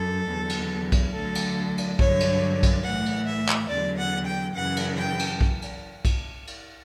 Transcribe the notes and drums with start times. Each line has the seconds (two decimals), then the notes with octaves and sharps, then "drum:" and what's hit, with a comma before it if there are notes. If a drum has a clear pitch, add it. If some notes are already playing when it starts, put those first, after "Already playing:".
Already playing: F#2 A4
0.28 E2 D3 F#3
0.50 drum: cymbal
0.92 drum: kick B1, cymbal
1.14 D2 D3 F#3 A4
1.35 drum: cymbal
1.78 drum: cymbal
1.99 G2 D3 F#3 C#5, drum: kick B1
2.20 drum: cymbal
2.63 drum: kick B1, cymbal
2.84 A2 E3 F#5
3.06 drum: cymbal
3.27 E5
3.48 drum: clap
3.69 E2 D3 F#3 D5
3.98 F#5
4.26 G5
4.55 F#2 C#3 E3 F#5
4.77 drum: cymbal
4.98 G5
5.19 drum: cymbal
5.41 drum: kick B1
5.62 drum: cymbal
6.05 drum: kick B1, cymbal
6.47 drum: cymbal